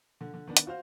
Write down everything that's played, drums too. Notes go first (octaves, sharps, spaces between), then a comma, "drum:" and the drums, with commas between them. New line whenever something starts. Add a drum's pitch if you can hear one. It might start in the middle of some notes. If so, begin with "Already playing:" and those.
D3
D3
D#3 B3 D4
drum: hi-hat
F4 F#4 C5 F5